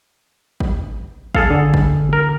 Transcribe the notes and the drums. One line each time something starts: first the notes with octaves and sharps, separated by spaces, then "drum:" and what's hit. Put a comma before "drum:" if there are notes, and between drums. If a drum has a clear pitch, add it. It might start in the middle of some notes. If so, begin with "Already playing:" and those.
drum: kick
G#4 A4 F5, drum: kick
D3
drum: kick
A#4